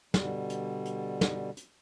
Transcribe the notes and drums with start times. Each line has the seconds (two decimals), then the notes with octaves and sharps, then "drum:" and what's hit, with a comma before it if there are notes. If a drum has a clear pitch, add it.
0.14 B2 D3 G3, drum: snare
0.50 drum: hi-hat
0.85 drum: hi-hat
1.21 drum: snare
1.57 drum: hi-hat